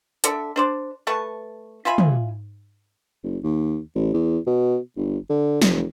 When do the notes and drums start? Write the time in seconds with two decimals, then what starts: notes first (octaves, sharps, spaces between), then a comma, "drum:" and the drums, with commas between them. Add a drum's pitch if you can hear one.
0.24 D3 A4 D5 E5, drum: hi-hat
0.56 D4 C5 D5
1.07 A3 B4 A5 C#6
1.85 F4 E5 G#5 B5
1.98 drum: tom
3.24 F#1
3.44 D#2
3.95 A1
4.14 E2
4.47 B2
4.97 G1
5.29 D3
5.62 F1, drum: snare